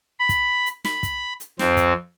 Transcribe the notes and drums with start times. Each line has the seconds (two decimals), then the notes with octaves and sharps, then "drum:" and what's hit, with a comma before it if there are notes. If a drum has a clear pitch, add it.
0.19 B5
0.29 drum: kick, hi-hat
0.66 drum: hi-hat
0.85 B5, drum: snare
1.03 drum: kick, hi-hat
1.40 drum: hi-hat
1.59 F2 C4, drum: snare
1.77 drum: kick, hi-hat